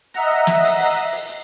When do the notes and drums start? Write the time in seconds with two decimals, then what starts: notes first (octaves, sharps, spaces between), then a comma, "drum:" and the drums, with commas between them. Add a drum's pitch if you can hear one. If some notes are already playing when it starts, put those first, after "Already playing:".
0.14 D#5 E5 F#5 A#5, drum: hi-hat
0.30 drum: hi-hat
0.47 drum: snare
0.63 drum: open hi-hat
0.80 drum: open hi-hat
0.96 drum: hi-hat
1.12 drum: open hi-hat
1.29 drum: hi-hat